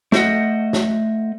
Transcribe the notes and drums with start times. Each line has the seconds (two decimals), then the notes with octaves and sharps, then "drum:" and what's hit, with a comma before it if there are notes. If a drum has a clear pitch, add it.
0.12 A3 C5 D#5 F#5, drum: snare
0.73 drum: snare